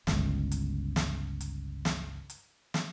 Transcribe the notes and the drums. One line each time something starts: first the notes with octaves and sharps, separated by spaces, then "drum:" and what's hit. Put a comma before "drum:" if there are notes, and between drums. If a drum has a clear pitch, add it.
G1 C#2, drum: snare
drum: hi-hat
drum: snare
drum: hi-hat
drum: snare
drum: hi-hat
drum: snare